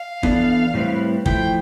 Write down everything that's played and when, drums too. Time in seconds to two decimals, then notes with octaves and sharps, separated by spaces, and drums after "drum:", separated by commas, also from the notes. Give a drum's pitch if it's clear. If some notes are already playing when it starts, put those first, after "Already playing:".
Already playing: F5
0.23 E3 B3 D4 A4 D5, drum: kick
0.74 A2 G3 C4 E4 B4
1.26 F3 A3 E4 G5, drum: kick